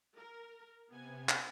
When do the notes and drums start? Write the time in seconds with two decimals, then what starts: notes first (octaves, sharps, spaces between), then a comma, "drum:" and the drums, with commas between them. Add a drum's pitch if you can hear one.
0.16 A#4
0.90 C3 B3 G#5
1.29 drum: clap